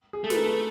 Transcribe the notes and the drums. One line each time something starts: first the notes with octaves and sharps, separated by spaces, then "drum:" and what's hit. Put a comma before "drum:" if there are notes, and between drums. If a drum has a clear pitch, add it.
G#4
A3 A4
B4, drum: snare
A#4
B4